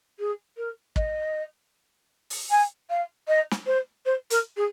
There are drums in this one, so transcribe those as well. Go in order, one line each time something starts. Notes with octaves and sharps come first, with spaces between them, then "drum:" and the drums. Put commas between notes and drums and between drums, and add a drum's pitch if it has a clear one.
G#4
A#4
D#5, drum: kick
drum: open hi-hat
G#5
F5
D#5
drum: snare
C5
C5
A#4, drum: hi-hat
G#4